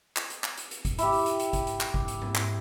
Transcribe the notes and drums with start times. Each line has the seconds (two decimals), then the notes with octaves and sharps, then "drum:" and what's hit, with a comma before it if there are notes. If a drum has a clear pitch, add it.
0.16 drum: clap
0.30 drum: hi-hat
0.44 drum: clap
0.57 drum: hi-hat
0.71 drum: hi-hat
0.85 drum: kick, hi-hat
0.98 E4 G4, drum: hi-hat
1.12 drum: open hi-hat
1.26 drum: hi-hat
1.40 drum: hi-hat
1.53 drum: kick, hi-hat
1.67 drum: hi-hat
1.81 drum: clap
1.94 drum: kick
2.08 drum: hi-hat
2.22 drum: tom G#2
2.35 drum: clap